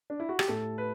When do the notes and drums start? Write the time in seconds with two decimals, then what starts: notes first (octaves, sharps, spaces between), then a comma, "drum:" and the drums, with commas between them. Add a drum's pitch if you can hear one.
0.10 D4
0.20 E4
0.29 F#4
0.39 G4, drum: rim click
0.48 A2 A4
0.78 B4